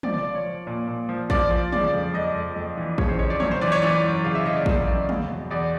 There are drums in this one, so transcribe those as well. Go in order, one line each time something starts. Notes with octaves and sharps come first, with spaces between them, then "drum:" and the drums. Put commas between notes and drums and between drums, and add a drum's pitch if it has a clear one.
F3 D5, drum: tom
D5
F3 D5
C#5
F3
A#2
A#2
F3
F3 D5, drum: kick A1
F3
C#3 D5, drum: tom
F2
F2 D#5
F2
F2
E3
C#3 C#5, drum: kick A1
C5
F2 C#5
D5
F#2 C#5, drum: tom
C5
E3 D5
C#5
E3 D5
F#2
C#3 F5
E5
C#3 D#5
D5
E3, drum: kick A1
F#2 D5
E2, drum: tom
B2
E2 D5